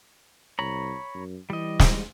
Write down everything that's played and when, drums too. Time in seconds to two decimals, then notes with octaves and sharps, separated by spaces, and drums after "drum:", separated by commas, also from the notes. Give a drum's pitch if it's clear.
0.59 C2 C#5 A#5 B5
1.14 F#2
1.50 E3 G3 D#5
1.79 drum: snare